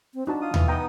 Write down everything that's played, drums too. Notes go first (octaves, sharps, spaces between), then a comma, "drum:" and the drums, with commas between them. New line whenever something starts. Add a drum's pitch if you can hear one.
C4
D4 D#4 F#4 A5
F4 D#6
E3, drum: tom D#2
B3 D#4 G5 A#5 D#6